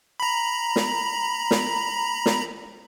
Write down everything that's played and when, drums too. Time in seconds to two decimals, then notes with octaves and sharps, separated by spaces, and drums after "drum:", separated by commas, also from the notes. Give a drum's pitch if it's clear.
0.20 A#5 B5
0.76 drum: snare
1.51 drum: snare
2.26 drum: snare